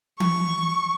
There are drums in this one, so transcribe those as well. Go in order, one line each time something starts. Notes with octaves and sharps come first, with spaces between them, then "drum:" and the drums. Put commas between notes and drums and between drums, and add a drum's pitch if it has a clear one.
C#6, drum: tom E3